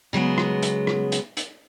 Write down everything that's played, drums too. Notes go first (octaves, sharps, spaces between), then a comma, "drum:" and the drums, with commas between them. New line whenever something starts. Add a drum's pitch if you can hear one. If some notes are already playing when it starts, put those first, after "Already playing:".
C#3 F#3 G#3 B3
drum: rim click
drum: hi-hat
drum: rim click
drum: hi-hat
drum: hi-hat